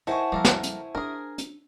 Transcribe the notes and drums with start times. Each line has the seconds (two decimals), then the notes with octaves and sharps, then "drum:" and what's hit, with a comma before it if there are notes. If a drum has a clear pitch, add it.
0.07 D#3 E4 C5 F#5 G#5 A5 C#6
0.32 F3 G3 A#3 A4 A#4
0.45 drum: snare
0.63 drum: hi-hat
0.95 D4 G#4 A#4
1.38 drum: hi-hat